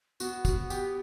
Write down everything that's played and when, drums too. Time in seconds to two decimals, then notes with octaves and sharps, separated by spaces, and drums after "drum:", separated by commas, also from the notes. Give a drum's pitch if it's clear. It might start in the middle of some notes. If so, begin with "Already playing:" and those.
0.20 B3 F#4, drum: tambourine
0.45 F#4, drum: kick, tambourine
0.70 G4, drum: tambourine